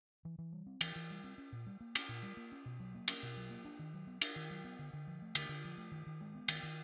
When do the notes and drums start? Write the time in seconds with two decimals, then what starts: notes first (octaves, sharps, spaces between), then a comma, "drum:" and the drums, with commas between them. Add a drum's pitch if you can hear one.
0.25 E3
0.39 E3
0.52 G3
0.66 C4
0.81 E3, drum: cymbal
0.96 E3
1.10 G3
1.24 C4
1.38 C#4
1.52 A#2
1.67 G3
1.81 A#3
1.95 C#4, drum: cymbal
2.09 A#2
2.23 G3
2.37 A#3
2.52 C#4
2.66 B2
2.80 F#3
2.95 A#3
3.08 C#4, drum: cymbal
3.23 B2
3.37 F#3
3.50 A#3
3.65 D4
3.79 D#3
3.94 F#3
4.07 B3
4.21 D4, drum: cymbal
4.36 D#3
4.50 F#3
4.64 B3
4.79 D3
4.93 D3
5.07 F3
5.22 A3
5.35 D3, drum: cymbal
5.49 D3
5.64 F3
5.77 A3
5.92 D#3
6.07 D#3
6.21 G#3
6.35 B3
6.48 D#3, drum: cymbal
6.63 D#3